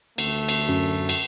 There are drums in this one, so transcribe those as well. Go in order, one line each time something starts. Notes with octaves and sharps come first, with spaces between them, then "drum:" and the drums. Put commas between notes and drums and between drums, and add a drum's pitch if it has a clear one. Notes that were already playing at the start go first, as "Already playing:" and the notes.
D2 A3, drum: cymbal
drum: cymbal
F#2
drum: cymbal